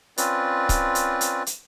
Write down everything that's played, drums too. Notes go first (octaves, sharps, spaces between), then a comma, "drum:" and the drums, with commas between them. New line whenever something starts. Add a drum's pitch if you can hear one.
C4 C#4 F4 B4 D5, drum: hi-hat
drum: kick C#1, hi-hat
drum: hi-hat
drum: hi-hat
drum: hi-hat